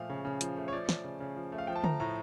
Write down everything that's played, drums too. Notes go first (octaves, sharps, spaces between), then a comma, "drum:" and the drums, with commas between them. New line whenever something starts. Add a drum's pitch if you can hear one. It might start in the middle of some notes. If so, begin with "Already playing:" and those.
Already playing: A#2 F3 A3 F5
C#3
C#3
F3, drum: hi-hat
A3
C#5
F3 D5
A3, drum: snare
C#3
C#3
F3
A3
F5
F3 G5
A5
A3 A#5, drum: tom
A2 A#5